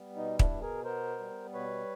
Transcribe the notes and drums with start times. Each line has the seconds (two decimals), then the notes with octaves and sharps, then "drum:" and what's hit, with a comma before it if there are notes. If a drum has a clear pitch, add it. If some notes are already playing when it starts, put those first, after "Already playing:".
Already playing: G3 B3
0.16 B2 D#4
0.39 D4 E4, drum: kick
0.50 B2
0.61 G#4 A#4
0.85 B3 A#4 C5
1.20 G3
1.54 B2 B4 C#5